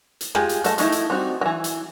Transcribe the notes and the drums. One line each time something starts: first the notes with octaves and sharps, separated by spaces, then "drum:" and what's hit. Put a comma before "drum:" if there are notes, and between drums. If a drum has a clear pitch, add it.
drum: hi-hat
G#3 F4 G4 G#4, drum: rim click
drum: hi-hat
A3 A4 D#5 A5, drum: hi-hat
F3 A3 D#4 E4, drum: hi-hat
drum: hi-hat
G3 C4 D#4 F#4
E3 F#3
drum: hi-hat